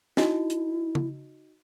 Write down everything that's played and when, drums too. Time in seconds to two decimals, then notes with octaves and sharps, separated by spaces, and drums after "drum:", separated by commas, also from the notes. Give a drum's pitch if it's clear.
0.17 D#4 E4 F#4 D#5, drum: snare
0.50 drum: hi-hat
0.95 drum: tom